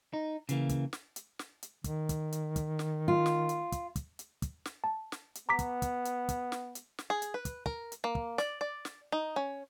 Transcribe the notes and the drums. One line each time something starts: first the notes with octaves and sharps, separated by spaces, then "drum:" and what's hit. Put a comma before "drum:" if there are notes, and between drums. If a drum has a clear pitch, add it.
D#4
C#3 E3 A#3, drum: hi-hat
drum: kick, hi-hat
drum: snare
drum: hi-hat
drum: snare
drum: hi-hat
D#3, drum: kick, hi-hat
drum: kick, hi-hat
drum: hi-hat
drum: kick, hi-hat
drum: snare
F4
drum: snare
drum: hi-hat
drum: kick, hi-hat
drum: kick, hi-hat
drum: hi-hat
drum: kick, hi-hat
drum: snare
A5
drum: snare
drum: hi-hat
B3 A#5 D6 B6
drum: kick, hi-hat
drum: kick, hi-hat
drum: hi-hat
drum: kick, hi-hat
drum: snare
drum: hi-hat
drum: snare
G#4
drum: hi-hat
B4
drum: kick, hi-hat
A#4, drum: kick
drum: hi-hat
A#3
drum: kick
D5, drum: snare
D5
drum: snare
D#4
C#4